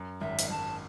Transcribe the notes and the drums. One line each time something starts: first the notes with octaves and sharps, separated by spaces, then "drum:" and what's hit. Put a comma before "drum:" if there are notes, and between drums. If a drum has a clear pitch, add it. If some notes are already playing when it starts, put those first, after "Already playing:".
Already playing: F#2
G#1 E5
drum: hi-hat
G#1 A5